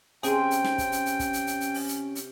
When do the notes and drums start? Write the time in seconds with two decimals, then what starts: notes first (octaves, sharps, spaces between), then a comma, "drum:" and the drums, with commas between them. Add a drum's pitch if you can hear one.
0.23 C3 C#4 G#4 G5 C6, drum: hi-hat
0.51 drum: hi-hat
0.64 drum: snare
0.78 drum: kick, hi-hat
0.92 drum: hi-hat
1.06 drum: hi-hat
1.19 drum: kick, hi-hat
1.33 drum: hi-hat
1.47 drum: hi-hat
1.60 drum: hi-hat
1.74 drum: open hi-hat
1.88 drum: hi-hat
2.15 drum: hi-hat